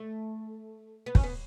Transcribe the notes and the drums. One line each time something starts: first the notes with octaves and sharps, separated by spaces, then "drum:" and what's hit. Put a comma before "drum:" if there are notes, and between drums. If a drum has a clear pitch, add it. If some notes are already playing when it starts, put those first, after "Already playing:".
Already playing: A3
B3
C#4, drum: kick
B3